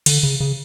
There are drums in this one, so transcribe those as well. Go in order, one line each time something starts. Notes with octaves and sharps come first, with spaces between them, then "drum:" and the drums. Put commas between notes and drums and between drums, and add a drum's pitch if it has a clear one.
D3, drum: cymbal
C#3
C#3